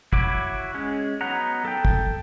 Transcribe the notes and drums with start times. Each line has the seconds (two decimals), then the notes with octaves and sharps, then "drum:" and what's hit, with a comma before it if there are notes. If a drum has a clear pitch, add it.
0.13 E4 F#4 C#5 D6, drum: kick
0.74 G#3 C#4
1.21 F#3 B3 D#4 F#5 A#5
1.65 A4 G5
1.85 drum: kick